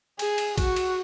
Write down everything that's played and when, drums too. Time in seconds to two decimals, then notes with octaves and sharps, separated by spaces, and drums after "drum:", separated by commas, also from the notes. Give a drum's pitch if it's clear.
0.19 G#4, drum: cymbal
0.38 drum: cymbal
0.58 F#4, drum: kick A#1, cymbal
0.76 drum: cymbal